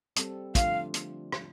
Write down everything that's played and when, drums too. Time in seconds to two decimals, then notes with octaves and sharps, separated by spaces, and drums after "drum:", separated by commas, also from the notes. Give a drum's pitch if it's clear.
0.16 G3 C4 A4, drum: hi-hat
0.55 D3 F3 A3 D4 F4 F5, drum: kick, hi-hat
0.94 drum: hi-hat
1.32 drum: rim click